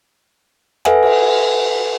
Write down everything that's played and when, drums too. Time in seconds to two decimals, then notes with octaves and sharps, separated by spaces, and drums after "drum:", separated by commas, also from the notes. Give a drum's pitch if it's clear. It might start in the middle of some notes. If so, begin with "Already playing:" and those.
0.85 A4 B4 E5 F#5 G#5, drum: rim click
1.03 drum: cymbal